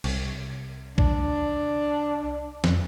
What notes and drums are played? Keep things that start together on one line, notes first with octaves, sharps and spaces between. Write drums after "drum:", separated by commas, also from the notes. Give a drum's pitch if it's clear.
C2, drum: cymbal
D4, drum: kick B1
F2, drum: snare